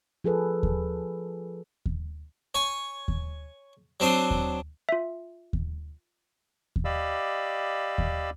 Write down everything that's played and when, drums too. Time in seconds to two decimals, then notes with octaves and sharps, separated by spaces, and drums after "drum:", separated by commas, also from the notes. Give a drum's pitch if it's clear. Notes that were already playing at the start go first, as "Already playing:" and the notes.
0.24 F3 G#4 A4 B4
0.63 drum: kick D#2
1.86 drum: kick D#2
2.55 C#5 G#5
3.08 drum: kick D#2
4.00 F#3 C4 D4 C6 D#6
4.31 drum: kick D#2
4.89 F4 E5
5.53 drum: kick D#2
6.76 drum: kick D#2
6.85 G4 D5 D#5 F5 B5 E6
7.98 drum: kick D#2